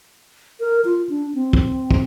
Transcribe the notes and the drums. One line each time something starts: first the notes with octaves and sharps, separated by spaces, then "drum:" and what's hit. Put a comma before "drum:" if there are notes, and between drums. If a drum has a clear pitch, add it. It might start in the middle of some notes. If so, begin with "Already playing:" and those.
A#4
F4
D4
C4
drum: kick
drum: kick